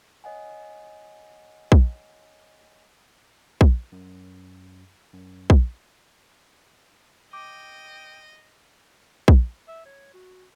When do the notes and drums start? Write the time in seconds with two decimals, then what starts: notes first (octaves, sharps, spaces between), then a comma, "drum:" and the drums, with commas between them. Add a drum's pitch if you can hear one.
0.24 C#5 D#5 F#5 G#5
1.72 drum: kick
3.61 drum: kick
3.92 F#2
5.13 F#2
5.50 drum: kick
7.33 D#5 G5 D6
9.28 drum: kick
9.68 E5
9.85 C#5
10.14 F#4